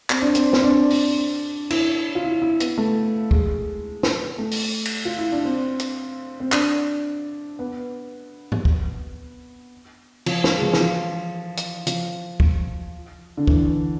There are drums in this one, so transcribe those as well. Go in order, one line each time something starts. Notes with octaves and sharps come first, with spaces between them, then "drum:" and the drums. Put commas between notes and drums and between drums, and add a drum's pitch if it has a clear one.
C4, drum: clap
D4
C4, drum: hi-hat
C4, drum: snare
D4
drum: open hi-hat
E4, drum: cymbal
F4
E4
E4
B3, drum: hi-hat
A3
G#3, drum: kick
drum: snare
A3
drum: open hi-hat
drum: cymbal
F4
E4
D4
C4
drum: hi-hat
C4
D4, drum: clap
B3
drum: tom G#2
drum: kick
F3, drum: cymbal
F3, drum: snare
G#3
F3
E3, drum: snare
F3
drum: hi-hat
F3, drum: hi-hat
drum: kick
D3
E3, drum: kick